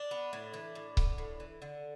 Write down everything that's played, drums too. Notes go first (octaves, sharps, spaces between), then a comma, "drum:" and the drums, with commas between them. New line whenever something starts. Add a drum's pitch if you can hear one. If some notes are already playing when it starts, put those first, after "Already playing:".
Already playing: D4
B3
A2
E3
A2
B3, drum: kick C#1
A2
E3
D3